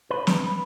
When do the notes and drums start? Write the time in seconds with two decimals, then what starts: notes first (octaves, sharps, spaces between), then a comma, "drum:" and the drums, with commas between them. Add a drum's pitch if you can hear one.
0.10 B4
0.27 drum: snare